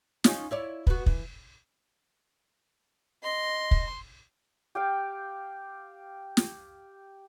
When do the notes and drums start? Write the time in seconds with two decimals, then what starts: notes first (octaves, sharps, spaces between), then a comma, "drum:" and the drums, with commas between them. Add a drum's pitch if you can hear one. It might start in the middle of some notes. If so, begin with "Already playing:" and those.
0.24 C#4 D#4 F4, drum: snare
0.51 E4 C#5 D5
0.87 B3 F#4, drum: kick
1.06 E3, drum: kick
3.23 D#5 C6
3.71 drum: kick
4.75 G4 F5 G5
6.37 drum: snare